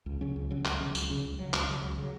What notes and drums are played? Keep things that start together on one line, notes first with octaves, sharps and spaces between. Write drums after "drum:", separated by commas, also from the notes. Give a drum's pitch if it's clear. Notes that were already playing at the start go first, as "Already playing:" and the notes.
C#2
C#3 F#3 C#4
C#2
C#3 F#3 C#4
C#2, drum: clap
C#3 F#3 C#4
C#2, drum: tambourine
C#3 F#3 C#4
C#2
C#3 F#3
C#2, drum: clap
C#3 F#3
C#2
C#3 F#3